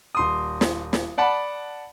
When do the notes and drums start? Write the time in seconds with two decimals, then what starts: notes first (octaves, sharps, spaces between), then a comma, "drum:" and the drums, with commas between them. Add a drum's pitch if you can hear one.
0.15 D#1 C6 D#6
0.61 drum: snare
0.93 drum: snare
1.18 D5 F#5 A5 B5